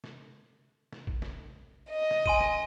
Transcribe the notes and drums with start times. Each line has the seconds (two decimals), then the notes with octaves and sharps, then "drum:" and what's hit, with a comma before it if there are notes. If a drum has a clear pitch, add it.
0.04 drum: snare
0.92 drum: snare
1.07 drum: kick A1
1.22 drum: snare
1.90 D#5
2.11 drum: snare
2.26 G#5 C6 D#7, drum: kick A1
2.40 drum: snare